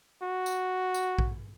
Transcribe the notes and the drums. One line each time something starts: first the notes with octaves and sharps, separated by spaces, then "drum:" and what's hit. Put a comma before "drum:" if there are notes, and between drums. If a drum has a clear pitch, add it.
F#4
drum: tambourine
drum: tambourine
drum: kick A#1